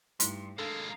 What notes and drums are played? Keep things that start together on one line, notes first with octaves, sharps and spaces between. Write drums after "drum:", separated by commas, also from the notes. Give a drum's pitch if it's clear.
G2 A3 D#4 E4 C6, drum: hi-hat
G#3 A#3 D4 A4 F5